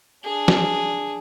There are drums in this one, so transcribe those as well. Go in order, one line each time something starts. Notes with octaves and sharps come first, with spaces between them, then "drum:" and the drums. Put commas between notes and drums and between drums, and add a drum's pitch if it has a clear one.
D4 G#4
drum: snare